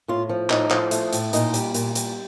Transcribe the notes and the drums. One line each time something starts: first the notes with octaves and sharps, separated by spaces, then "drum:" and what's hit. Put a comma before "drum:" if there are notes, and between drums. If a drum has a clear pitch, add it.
A2 F4
F3
A2 D#4, drum: clap
F3, drum: clap
A3, drum: hi-hat
A2, drum: hi-hat
A#2 D#4, drum: hi-hat
G3, drum: hi-hat
A#2, drum: hi-hat
G3, drum: hi-hat